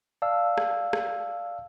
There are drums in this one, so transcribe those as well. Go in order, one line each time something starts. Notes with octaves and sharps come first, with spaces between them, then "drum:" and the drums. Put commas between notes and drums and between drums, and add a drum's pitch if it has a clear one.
D5 F5 A5 E6
drum: rim click
drum: rim click